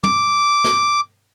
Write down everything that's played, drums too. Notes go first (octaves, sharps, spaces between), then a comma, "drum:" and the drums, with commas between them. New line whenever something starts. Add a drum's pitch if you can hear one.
D6, drum: tom
drum: snare